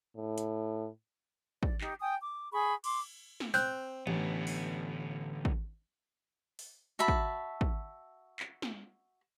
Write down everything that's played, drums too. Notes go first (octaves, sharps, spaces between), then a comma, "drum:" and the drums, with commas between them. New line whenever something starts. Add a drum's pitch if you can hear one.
A2
drum: hi-hat
D5, drum: kick
D#4 G4, drum: clap
G5 G#5 D#6
D6
G#4 B5 C#6
C6 D6, drum: cymbal
drum: snare
C4 F#6 G6, drum: tambourine
A1 D3 B3
drum: open hi-hat
drum: kick
drum: open hi-hat
F#4 E5 A5 B5
drum: kick
drum: kick
drum: clap
drum: snare